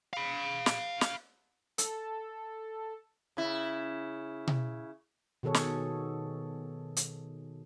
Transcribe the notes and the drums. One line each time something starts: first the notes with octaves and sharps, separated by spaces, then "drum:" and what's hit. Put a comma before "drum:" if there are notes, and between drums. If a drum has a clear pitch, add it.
F5 B5
drum: snare
drum: snare
A4, drum: hi-hat
C#3 E4
drum: tom B2
B2 D#3 G#4 A4 C#5
drum: snare
drum: hi-hat